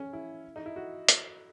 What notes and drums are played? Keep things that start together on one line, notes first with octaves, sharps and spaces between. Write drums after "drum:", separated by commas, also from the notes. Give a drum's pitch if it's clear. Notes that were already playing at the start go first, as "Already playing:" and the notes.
Already playing: C#4
E4
D#4
E4
F#4
drum: hi-hat